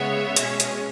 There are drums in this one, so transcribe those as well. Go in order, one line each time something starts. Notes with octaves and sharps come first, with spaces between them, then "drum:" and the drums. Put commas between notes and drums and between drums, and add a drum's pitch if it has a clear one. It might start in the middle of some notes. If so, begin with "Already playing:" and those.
Already playing: C#3 G#3 B3 C#5 E5
B2 G#3 C#4, drum: hi-hat
drum: hi-hat